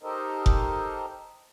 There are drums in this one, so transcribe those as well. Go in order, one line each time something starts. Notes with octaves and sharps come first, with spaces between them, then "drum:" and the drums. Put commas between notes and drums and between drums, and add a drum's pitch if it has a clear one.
D#4 G4 A4 A#4 C5 D#5
drum: kick F1